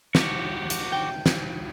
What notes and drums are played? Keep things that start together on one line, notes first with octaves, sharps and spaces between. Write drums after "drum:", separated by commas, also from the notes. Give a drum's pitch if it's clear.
F#4 G4, drum: snare
drum: hi-hat
G5
drum: snare